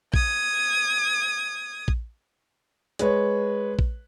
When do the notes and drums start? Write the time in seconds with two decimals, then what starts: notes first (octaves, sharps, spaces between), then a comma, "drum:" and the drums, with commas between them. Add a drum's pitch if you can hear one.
0.14 D#6 G#6, drum: kick A#1
1.88 drum: kick A#1
2.99 G#3 B4 C#5, drum: hi-hat
3.79 drum: kick A#1